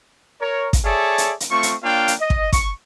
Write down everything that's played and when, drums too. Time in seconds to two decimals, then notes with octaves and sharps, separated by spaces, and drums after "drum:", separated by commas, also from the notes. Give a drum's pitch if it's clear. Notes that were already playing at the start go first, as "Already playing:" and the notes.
0.41 A#4 C#5
0.73 drum: kick, hi-hat
0.84 G#4 A4 C#5 D5 E5 A5
1.18 drum: hi-hat
1.40 drum: hi-hat
1.51 A3 C4 F4 C#6
1.63 drum: hi-hat
1.83 A#3 D4 F4 C#5 F5 G5
2.08 drum: hi-hat
2.20 D#5
2.30 drum: kick
2.53 C#6, drum: kick, hi-hat